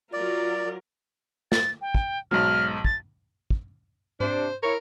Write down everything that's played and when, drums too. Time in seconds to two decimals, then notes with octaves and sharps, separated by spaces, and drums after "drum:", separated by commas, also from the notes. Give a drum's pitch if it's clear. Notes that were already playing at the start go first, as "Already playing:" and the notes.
0.13 F#3 F4 A#4 D5
1.52 A6, drum: snare
1.81 G5
1.95 drum: kick
2.31 B1 G#2 F#3 F6
2.85 A6, drum: kick
3.50 drum: kick
4.20 C3 D4 C5, drum: tom G#2
4.63 E4 A#4 C#5